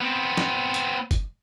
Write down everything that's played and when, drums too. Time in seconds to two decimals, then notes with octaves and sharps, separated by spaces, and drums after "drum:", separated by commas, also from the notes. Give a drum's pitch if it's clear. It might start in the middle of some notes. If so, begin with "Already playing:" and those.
0.01 B3 C4
0.37 drum: snare
0.74 drum: hi-hat
1.11 drum: kick F#1, hi-hat